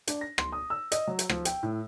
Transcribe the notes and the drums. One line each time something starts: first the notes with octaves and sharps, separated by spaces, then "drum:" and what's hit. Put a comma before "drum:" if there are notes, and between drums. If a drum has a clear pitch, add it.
D4, drum: hi-hat
A#6
C6, drum: rim click
D#6
E6
D#5, drum: hi-hat
F#3
drum: hi-hat
F3, drum: rim click
G5, drum: hi-hat
A2